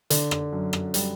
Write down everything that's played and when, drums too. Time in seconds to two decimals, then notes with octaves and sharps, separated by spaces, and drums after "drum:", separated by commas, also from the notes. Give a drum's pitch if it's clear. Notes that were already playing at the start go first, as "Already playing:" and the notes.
0.10 D3, drum: hi-hat
0.31 drum: rim click
0.53 F#2
0.73 drum: rim click
0.94 G3, drum: hi-hat